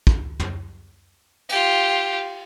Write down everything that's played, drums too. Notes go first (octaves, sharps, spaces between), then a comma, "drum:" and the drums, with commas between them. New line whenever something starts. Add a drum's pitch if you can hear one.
drum: kick
drum: tom
F4 G4, drum: cymbal